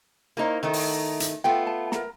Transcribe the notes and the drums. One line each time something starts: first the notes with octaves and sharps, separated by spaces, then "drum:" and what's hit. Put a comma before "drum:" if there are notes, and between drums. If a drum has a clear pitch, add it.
A#3 D#4 E4 A#4 C5
D#3 A3 D#4
drum: open hi-hat
drum: hi-hat
A3 B3 F4 G5
A5
A#4 A#5, drum: snare